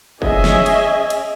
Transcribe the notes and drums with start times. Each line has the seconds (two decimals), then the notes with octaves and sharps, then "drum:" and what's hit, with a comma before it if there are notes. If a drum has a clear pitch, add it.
0.22 C#4 G#4 D#5 E5 G#5, drum: kick
0.44 drum: snare
0.66 drum: cymbal
1.10 drum: cymbal